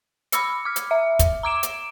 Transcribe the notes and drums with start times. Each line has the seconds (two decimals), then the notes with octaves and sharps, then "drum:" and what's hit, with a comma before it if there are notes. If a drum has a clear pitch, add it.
0.32 B5 D6 E6 C#7, drum: hi-hat
0.65 D6 F6
0.76 drum: hi-hat
0.91 E5
1.19 drum: kick, hi-hat
1.43 A#5 D6 D7 E7
1.63 drum: hi-hat